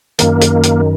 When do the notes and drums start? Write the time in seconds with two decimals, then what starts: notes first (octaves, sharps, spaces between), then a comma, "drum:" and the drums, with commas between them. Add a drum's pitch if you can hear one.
0.19 F#2 D#3 A#3, drum: hi-hat
0.41 drum: hi-hat
0.63 drum: hi-hat